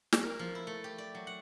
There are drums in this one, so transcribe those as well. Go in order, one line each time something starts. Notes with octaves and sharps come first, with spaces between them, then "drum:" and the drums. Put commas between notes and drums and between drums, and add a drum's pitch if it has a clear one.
drum: snare
A#4
F3
E4
A3
G4
D5
F#3
F#5